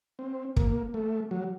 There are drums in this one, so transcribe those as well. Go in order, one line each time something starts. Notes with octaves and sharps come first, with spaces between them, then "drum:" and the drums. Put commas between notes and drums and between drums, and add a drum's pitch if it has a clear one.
C4
A#3, drum: kick
A3
F#3